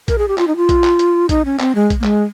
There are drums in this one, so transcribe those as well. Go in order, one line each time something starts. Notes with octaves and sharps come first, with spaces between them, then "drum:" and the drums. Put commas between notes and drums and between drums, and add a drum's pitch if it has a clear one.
A#4, drum: kick A#1, hi-hat
G#4
G4
F4, drum: clap
D#4
F4
drum: kick A#1, hi-hat
drum: clap
drum: hi-hat
D#4, drum: kick A#1, hi-hat
C#4
C4, drum: clap
G#3
drum: kick A#1, hi-hat
A#3
G#3, drum: clap